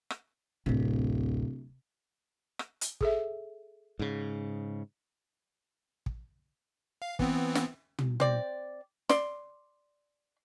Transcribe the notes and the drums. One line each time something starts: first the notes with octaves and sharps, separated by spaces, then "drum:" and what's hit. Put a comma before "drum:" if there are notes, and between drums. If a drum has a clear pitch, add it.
drum: rim click
D1 A1 D2 C3
drum: rim click
drum: hi-hat
G#4 A4 E5, drum: kick
G#2 C#3
drum: kick
F5
E3 B3 C4, drum: kick
drum: snare
drum: tom
C4 D5, drum: tom
D5 C6, drum: snare